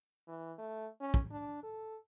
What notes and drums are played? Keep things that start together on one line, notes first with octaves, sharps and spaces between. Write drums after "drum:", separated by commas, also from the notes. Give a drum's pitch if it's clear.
E3
A3
C#4
drum: kick
D4
A4